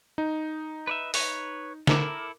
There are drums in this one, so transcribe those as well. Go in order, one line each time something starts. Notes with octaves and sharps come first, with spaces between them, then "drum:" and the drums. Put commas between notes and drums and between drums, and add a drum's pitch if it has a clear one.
D#4
B4 D5 E5
B4 C#5, drum: open hi-hat
E4 A4 A#4 D6, drum: snare